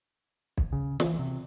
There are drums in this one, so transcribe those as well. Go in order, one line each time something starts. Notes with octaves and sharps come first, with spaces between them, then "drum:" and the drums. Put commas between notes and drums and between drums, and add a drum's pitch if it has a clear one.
drum: kick B1
C#3
E3, drum: snare
C3